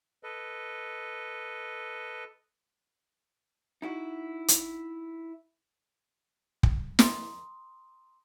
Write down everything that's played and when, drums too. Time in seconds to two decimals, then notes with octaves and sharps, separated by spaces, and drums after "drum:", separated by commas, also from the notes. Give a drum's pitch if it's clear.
0.23 A4 B4 D#5
3.82 D#4 E4 F#4
4.48 drum: hi-hat
6.63 drum: kick
6.99 A#5 C6 D#6, drum: snare